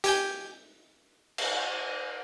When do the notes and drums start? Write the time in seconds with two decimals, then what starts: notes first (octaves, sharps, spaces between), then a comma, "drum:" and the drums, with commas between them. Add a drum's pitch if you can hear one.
0.04 G4 G#5 G6, drum: hi-hat
1.38 drum: cymbal